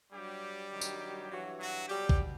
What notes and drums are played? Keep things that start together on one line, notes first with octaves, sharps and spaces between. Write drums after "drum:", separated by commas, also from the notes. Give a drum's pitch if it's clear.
G2 F#3 G3 G4
G2 D#3 F#3
drum: tambourine
G2 E3 F#3 F#4
F#3 F#4
B2 F#3 G3 G4
drum: kick A1